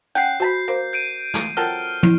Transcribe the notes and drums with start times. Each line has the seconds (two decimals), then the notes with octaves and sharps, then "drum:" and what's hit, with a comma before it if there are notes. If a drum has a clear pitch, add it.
0.15 C#4 F#5 G5 G6 C7
0.40 F#4 C5 A5 B5
0.68 A#3 A#4 C5
0.93 G6 D7 D#7
1.34 drum: snare
1.57 F#3 C4 F4 A4 A#4 F6
2.03 F3 E4, drum: tom